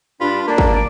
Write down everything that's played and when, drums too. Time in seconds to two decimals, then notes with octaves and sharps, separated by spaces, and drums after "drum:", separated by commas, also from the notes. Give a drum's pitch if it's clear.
0.21 G2 D4 F4 B5
0.48 A#3 D4
0.58 drum: kick
0.73 D5